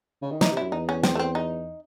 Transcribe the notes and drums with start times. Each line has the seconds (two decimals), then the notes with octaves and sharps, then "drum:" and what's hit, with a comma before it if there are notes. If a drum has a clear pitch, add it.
0.22 C#3
0.31 D#3
0.41 E3 D#4, drum: snare
0.52 C3 E4
0.62 F#2
0.72 E2 D#4
0.89 C#4
1.03 C4, drum: snare
1.15 A3
1.19 C4
1.35 D#4